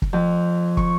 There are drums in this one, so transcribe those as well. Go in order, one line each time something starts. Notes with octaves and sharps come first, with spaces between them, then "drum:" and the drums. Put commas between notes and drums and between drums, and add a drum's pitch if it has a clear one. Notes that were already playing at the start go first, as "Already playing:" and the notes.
drum: kick
F2
C#6, drum: kick